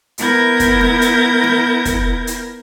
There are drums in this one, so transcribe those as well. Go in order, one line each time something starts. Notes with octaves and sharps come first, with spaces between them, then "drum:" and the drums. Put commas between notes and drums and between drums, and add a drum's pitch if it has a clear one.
B3 E4 A#4 G6 G#6 A#6, drum: hi-hat
drum: kick, hi-hat
drum: snare
drum: hi-hat
drum: snare
drum: kick, hi-hat
drum: hi-hat